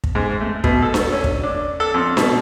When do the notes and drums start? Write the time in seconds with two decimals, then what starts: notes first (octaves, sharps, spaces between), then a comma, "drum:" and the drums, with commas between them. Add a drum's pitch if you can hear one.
0.04 drum: kick
0.15 G#2
0.41 A3
0.64 B2, drum: kick
0.82 A4
0.94 drum: snare D4
1.12 C#4
1.24 drum: kick
1.43 D4
1.80 A4
1.94 F2
2.17 B2, drum: snare D4